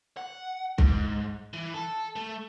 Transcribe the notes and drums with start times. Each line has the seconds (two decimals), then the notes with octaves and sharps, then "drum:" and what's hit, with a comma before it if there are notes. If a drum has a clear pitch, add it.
0.17 F#5
0.78 G#2, drum: kick
1.53 E3
1.74 A4
2.16 A3